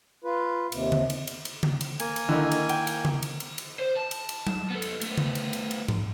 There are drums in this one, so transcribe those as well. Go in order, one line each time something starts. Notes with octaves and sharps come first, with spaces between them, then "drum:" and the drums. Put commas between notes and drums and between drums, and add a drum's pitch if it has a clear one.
F4 B4
D#2 C3, drum: cymbal
drum: tom C#3
drum: cymbal
drum: cymbal
drum: cymbal
drum: tom C#3
drum: cymbal
A#3 G#5, drum: cymbal
drum: cymbal
D3 D#3 D#4 E4
drum: cymbal
G5, drum: cymbal
drum: cymbal
drum: tom C#3
drum: cymbal
drum: cymbal
drum: cymbal
C5
A5
drum: cymbal
drum: cymbal
drum: tom F#3
B3 A4
drum: cymbal
A3 B3, drum: cymbal
drum: tom C#3
drum: cymbal
drum: cymbal
drum: cymbal
drum: tom G#2